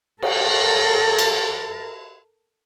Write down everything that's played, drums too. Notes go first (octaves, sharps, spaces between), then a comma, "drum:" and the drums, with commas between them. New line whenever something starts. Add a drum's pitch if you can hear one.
A4 A#4, drum: cymbal
drum: cymbal